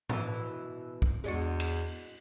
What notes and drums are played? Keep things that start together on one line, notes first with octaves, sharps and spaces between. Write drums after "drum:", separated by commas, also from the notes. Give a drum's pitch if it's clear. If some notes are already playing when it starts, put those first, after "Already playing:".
B2 E3, drum: tom A2
drum: kick
E2 G#3 D4 F#4
drum: cymbal